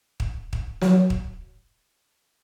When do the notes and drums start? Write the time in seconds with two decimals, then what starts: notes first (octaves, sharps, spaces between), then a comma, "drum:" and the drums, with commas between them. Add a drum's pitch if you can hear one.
0.20 drum: kick
0.53 drum: kick
0.81 F#3, drum: snare
1.10 drum: kick